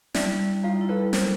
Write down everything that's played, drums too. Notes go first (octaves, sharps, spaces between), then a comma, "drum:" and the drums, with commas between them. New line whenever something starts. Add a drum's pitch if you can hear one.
G3 D4 E4, drum: snare
G3
G3
G3 D#4 F4
E4
A4 B4
G3
G3 A#4 C5, drum: snare